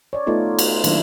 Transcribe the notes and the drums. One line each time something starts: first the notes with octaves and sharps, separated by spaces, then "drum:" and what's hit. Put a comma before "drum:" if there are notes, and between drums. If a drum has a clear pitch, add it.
C#5 D5
A3 B3 D#4 F4 A4
drum: cymbal
D#3 F#3 A#3 D4 E4, drum: cymbal